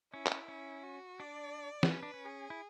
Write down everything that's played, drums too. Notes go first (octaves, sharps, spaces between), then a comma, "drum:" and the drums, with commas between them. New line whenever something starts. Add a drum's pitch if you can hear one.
C#4 E4
drum: clap
C#4
F#4
D4 D5
B3, drum: snare
C#4 B4
D4
C#4
G#4
E4